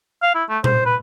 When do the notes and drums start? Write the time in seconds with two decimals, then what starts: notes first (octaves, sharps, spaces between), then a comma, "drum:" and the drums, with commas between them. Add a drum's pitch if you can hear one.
0.23 F5
0.35 E4
0.49 A3
0.64 C5, drum: tom A#2
0.86 B4